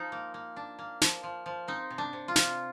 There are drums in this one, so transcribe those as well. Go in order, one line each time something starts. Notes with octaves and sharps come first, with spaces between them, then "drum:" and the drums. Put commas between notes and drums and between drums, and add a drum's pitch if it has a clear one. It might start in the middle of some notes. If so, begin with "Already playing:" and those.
Already playing: F3 D#4
A#3
A#3
D4
A#3
F3, drum: snare
F3
F3
C4 D#4
C3
D4
C3
F4
C3, drum: snare